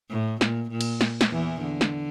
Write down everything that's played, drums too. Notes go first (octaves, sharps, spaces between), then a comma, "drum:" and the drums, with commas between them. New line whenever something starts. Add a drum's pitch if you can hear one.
A2
A#2, drum: snare
A#2
drum: cymbal
drum: snare
drum: snare
E2 E3
D3
drum: snare